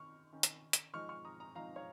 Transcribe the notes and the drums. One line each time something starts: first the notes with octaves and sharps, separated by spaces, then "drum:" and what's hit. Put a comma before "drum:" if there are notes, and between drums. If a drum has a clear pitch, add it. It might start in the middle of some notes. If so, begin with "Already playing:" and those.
Already playing: D#3 C#4 C#6 F6
D#3 C#4
drum: hi-hat
drum: hi-hat
F3 G#3 D#4 C#6 F6
C#6 F6
A#5 D#6
A#5 D#6
F3 G#3 D#4 F5 A#5
C#5 F5